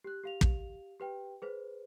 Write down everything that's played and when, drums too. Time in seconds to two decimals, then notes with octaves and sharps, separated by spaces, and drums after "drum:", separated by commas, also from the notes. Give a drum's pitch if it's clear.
0.04 G4 F#6
0.23 G4 F5 F7
0.41 drum: kick
1.00 G4 B4 G5
1.42 G#4 B4 C5